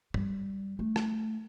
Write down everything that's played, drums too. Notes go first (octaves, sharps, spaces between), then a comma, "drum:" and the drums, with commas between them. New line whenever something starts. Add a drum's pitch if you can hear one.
G3, drum: tom G2
A3
drum: rim click